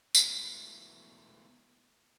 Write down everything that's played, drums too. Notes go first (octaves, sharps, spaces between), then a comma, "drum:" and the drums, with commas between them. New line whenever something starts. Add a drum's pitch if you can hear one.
G#3 A3 B3 E4 F#4, drum: tambourine